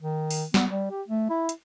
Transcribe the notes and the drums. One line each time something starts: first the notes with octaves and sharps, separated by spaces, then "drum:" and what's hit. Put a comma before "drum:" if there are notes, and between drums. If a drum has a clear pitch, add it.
D#3
drum: open hi-hat
B3, drum: snare
G3
G4
A3
E4
drum: hi-hat